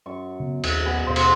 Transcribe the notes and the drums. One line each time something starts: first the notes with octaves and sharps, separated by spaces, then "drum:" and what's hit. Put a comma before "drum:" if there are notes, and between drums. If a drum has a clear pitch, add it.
F#2 C#6
C#3 B3
A#1 D#2, drum: cymbal
B3 G#5
D#2 G#2 B2 C5 F5
drum: cymbal